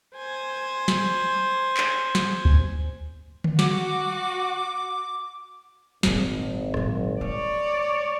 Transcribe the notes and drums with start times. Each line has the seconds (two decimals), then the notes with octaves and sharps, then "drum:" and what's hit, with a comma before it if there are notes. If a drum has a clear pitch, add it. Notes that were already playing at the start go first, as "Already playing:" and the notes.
0.17 C5 G#5
0.88 drum: snare
1.77 drum: clap
2.15 drum: snare
2.45 drum: kick
3.44 drum: tom D3
3.59 F#4 D6, drum: snare
6.03 G#1 A#2 G#3, drum: snare
6.74 A#2 F#3, drum: rim click
7.21 G#3 C#5 D5